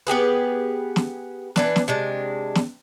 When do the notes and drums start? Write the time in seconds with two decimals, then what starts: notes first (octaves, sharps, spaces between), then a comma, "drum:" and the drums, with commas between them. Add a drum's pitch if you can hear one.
0.07 B3 G4 G#4 B4
0.96 drum: snare
1.56 E3 D4 B4, drum: snare
1.76 drum: snare
1.88 C3 G#3 D4
2.55 drum: snare